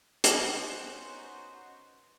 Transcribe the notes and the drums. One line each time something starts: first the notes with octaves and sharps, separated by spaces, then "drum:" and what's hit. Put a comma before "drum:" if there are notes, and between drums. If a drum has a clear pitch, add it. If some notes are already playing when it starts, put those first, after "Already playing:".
B3 C#4 D#4 F#4 C5, drum: hi-hat